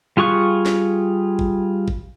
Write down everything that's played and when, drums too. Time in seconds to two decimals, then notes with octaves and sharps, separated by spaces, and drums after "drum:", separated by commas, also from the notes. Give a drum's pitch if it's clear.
0.17 G3 F4 G#4 C#6 F#6
0.66 drum: snare
1.39 drum: kick
1.88 drum: kick